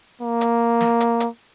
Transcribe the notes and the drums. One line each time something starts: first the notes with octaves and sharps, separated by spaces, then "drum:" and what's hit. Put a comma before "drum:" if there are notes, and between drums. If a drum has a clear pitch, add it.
A#3
drum: hi-hat
drum: snare
drum: hi-hat
drum: hi-hat